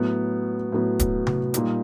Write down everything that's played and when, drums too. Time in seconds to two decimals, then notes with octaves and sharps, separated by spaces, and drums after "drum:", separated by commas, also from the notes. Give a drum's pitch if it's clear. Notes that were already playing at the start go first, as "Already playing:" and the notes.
Already playing: A2 F#3 B3
0.72 A2 F#3 B3
0.99 drum: kick D1, hi-hat
1.27 drum: tom C3
1.54 A#2 G3 A#3 D#4, drum: hi-hat